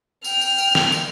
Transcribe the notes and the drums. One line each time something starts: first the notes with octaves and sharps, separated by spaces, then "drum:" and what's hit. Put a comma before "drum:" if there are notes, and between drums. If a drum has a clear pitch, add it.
G5 F6, drum: tambourine
drum: tambourine
drum: tambourine
drum: snare
drum: tambourine